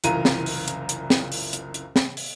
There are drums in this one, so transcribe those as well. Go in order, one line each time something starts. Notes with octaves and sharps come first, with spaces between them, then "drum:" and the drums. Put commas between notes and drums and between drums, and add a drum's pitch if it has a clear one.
F#1 C2 E3 F4 A#5 D#7, drum: hi-hat
drum: snare
drum: open hi-hat
drum: hi-hat
drum: hi-hat
drum: snare
drum: open hi-hat
drum: hi-hat
drum: hi-hat
drum: snare
drum: open hi-hat